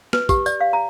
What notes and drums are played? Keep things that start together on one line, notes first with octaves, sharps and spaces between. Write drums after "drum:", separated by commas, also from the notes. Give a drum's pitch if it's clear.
B4, drum: snare
G4, drum: kick, tambourine
D5, drum: tambourine
F5
A#5